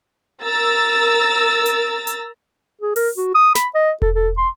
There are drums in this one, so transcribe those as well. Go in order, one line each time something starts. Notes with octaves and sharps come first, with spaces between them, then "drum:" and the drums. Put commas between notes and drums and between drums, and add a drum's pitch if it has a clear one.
A#4 A#5 E6 A6
drum: hi-hat
drum: hi-hat
G#4
A#4, drum: open hi-hat
F#4
D#6
B5, drum: snare
D#5
A4, drum: kick E1
A4
C6